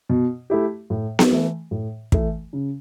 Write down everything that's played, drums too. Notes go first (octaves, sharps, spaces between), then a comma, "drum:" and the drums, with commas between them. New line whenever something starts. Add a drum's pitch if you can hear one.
B2
A3 E4 G4
A2
drum: snare B3
E3 A3
A2
E3 A3, drum: kick
C#3